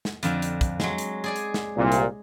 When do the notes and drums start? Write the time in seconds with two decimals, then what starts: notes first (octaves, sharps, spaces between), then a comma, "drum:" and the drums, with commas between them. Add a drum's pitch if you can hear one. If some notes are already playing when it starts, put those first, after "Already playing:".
0.05 drum: snare
0.23 F2 D3 F3, drum: hi-hat
0.42 drum: hi-hat
0.61 drum: kick, hi-hat
0.80 F#3 G#3, drum: snare
0.98 drum: hi-hat
1.24 G#4 D5 G#5
1.36 drum: hi-hat
1.54 drum: snare
1.77 C2 A#2
1.92 drum: hi-hat